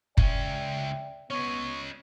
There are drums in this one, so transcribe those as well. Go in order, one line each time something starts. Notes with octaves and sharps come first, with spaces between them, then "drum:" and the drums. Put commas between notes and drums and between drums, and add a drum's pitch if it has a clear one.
C#2 C#4 D5 E5 G5, drum: kick F#1
B3 C#4 C#5 D#5 C#6